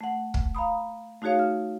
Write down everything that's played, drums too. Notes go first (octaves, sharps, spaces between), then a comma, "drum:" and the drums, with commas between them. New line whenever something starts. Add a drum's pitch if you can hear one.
A3 F#5
drum: kick
F5 A#5 B5 D#6
A3 D#4 F#4 G#4 C#5 F5
F6